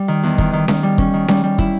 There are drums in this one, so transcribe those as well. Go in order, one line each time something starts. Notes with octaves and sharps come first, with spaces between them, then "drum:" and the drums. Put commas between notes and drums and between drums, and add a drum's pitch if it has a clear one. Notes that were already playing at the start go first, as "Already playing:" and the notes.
Already playing: G3
D#3
E2
D#3, drum: kick
D#3
D#3, drum: snare C#4
G3
C#4, drum: kick
D#3
G3, drum: snare C#4
G3
E4, drum: kick